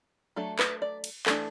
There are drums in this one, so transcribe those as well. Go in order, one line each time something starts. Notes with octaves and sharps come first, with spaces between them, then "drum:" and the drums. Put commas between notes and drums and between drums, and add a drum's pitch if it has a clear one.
F#3 A3 D4 A4
B4, drum: clap
D5
drum: cymbal
E3 A3 D4 A4, drum: clap